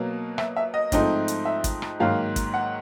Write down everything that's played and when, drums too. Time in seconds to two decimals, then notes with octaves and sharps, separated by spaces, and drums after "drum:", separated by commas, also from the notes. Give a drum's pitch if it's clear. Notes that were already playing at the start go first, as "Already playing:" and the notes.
Already playing: B2 F#3 A#3
0.38 E5, drum: rim click
0.56 E5
0.74 D#5
0.92 G#2 F3 A3 C4 D#4, drum: kick, hi-hat
1.28 drum: hi-hat
1.45 E5
1.64 drum: kick, hi-hat
1.82 drum: rim click
2.00 G#2 D#3 F#3 A#3 F5
2.36 drum: kick, hi-hat
2.54 F#5